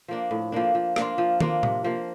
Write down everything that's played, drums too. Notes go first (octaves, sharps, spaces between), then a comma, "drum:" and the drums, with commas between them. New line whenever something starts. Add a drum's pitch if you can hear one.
F3 A#3 D4
A2
F3 A#3 D4
F3
A#3 D4 F4, drum: rim click
F3
A#3 D4 F4, drum: tom
C3, drum: tom A2
F3 A#3